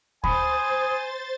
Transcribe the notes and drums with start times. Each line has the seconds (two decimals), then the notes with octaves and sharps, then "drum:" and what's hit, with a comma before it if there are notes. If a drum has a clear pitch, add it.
0.24 C5 G#5 B5 D#6 A6, drum: kick D2